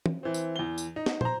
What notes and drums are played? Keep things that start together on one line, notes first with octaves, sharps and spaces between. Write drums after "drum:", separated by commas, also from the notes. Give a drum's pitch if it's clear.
drum: tom
E3 C4
drum: tambourine
E2 G7
drum: tambourine
D#4
drum: snare
C5 A#5, drum: tom